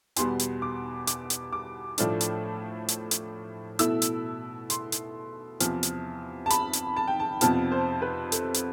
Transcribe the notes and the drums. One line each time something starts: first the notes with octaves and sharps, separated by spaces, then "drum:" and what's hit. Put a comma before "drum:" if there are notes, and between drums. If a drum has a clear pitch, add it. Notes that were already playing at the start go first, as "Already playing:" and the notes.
E2 B2 G3 B3 C6, drum: hi-hat
drum: hi-hat
D6
D6, drum: hi-hat
drum: hi-hat
D6
A2 F3 A3 D4, drum: hi-hat
drum: hi-hat
drum: hi-hat
drum: hi-hat
B2 A3 E4 E6, drum: hi-hat
drum: hi-hat
C6, drum: hi-hat
drum: hi-hat
E2 C3 F3, drum: hi-hat
drum: hi-hat
A5
B5, drum: hi-hat
drum: hi-hat
A5
G5
A5
F2 C3 F3 B3 A5, drum: hi-hat
C5
B4
A4, drum: hi-hat
drum: hi-hat